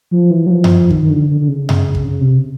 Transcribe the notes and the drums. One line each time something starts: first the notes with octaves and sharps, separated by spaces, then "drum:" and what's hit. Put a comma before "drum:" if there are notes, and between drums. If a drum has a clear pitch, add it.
F3
E3
F#3
F3
drum: tom F#2
D#3, drum: kick
D#3
D3
D3
D3
C#3
C#3, drum: tom F#2
drum: kick
C#3
C3